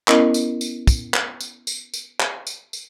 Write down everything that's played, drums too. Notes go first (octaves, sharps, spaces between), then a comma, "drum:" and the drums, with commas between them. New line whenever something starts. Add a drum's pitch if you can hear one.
B3 C#4 E4 A#4 D#5, drum: clap
drum: tambourine
drum: tambourine
drum: kick, tambourine
drum: clap
drum: tambourine
drum: tambourine
drum: tambourine
drum: clap
drum: tambourine
drum: tambourine